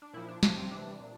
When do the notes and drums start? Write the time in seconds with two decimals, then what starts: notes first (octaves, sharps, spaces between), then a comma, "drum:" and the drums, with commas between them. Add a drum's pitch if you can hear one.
0.02 D4
0.13 A#2 F3 E4
0.28 D4
0.43 C3 F3 D4, drum: snare
0.58 C4
0.71 C3 E3 D4
1.00 A#2